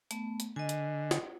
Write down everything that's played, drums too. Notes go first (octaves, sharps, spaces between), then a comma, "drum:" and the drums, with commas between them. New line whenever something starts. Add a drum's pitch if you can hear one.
A3 B3, drum: hi-hat
drum: hi-hat
D3 D#5 G#5
drum: hi-hat
drum: snare